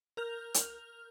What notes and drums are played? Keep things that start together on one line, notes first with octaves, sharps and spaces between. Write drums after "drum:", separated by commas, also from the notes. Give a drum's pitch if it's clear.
A#4 F6 G6 F7
drum: hi-hat